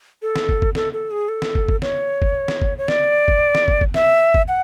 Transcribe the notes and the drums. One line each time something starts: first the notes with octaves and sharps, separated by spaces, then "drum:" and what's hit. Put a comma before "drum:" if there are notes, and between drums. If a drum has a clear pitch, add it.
A4
drum: snare
drum: kick
drum: kick
A4, drum: snare
A4
G#4
A4
drum: snare
drum: kick
drum: kick
C#5, drum: snare
drum: kick
drum: snare
drum: kick
C#5
D5, drum: snare
drum: kick
drum: snare
drum: kick
drum: kick
E5, drum: snare
drum: kick
F#5